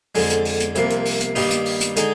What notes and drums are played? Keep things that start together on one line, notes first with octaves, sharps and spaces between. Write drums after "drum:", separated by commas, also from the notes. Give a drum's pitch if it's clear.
F2 D3 G#3, drum: open hi-hat
drum: hi-hat
drum: open hi-hat
drum: hi-hat
C2 C3 F3 A#3, drum: hi-hat
drum: hi-hat
drum: open hi-hat
drum: hi-hat
G2 D#3 G3 A#3 D#4, drum: open hi-hat
drum: hi-hat
drum: open hi-hat
drum: hi-hat
D3 G#3 D#4, drum: hi-hat